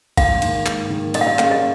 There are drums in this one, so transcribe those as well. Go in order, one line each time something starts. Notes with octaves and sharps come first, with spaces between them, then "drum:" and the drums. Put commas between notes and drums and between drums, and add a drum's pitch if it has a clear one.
G#2 F5, drum: kick, cymbal
D#3 A#3, drum: cymbal
G#2, drum: clap
D#3 A#3
A#2 D#5, drum: cymbal
F5
D#5
A#3 C#4 G#4 F5, drum: clap
D#5